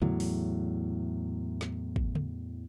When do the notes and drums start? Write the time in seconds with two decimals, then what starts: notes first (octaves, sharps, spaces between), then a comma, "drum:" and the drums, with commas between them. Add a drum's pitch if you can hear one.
0.02 E2 A2 F#3, drum: tom C#3
0.20 drum: open hi-hat
1.61 drum: snare
1.96 drum: kick
2.15 drum: tom C#3